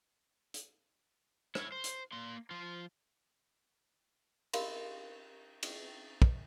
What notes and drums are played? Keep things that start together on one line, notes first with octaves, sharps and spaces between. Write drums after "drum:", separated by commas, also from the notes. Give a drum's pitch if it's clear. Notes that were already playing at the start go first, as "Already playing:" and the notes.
drum: hi-hat
E4 C#5, drum: rim click
C5
drum: hi-hat
A#3 C6
F3 F4
G4 A#4 D#5 F5 B5 C6, drum: cymbal
drum: cymbal
drum: kick